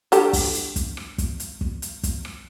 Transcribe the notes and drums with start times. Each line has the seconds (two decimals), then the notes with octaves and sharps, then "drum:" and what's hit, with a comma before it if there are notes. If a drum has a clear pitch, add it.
0.12 D3 G4 A4, drum: hi-hat
0.33 drum: kick, open hi-hat
0.55 drum: hi-hat
0.76 drum: kick, hi-hat
0.97 drum: rim click
1.18 drum: kick, hi-hat
1.40 drum: hi-hat
1.61 drum: kick
1.82 drum: hi-hat
2.03 drum: kick, hi-hat
2.25 drum: rim click